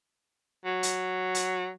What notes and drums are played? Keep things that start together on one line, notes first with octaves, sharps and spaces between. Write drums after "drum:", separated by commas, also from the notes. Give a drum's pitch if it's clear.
F#3
drum: hi-hat
drum: hi-hat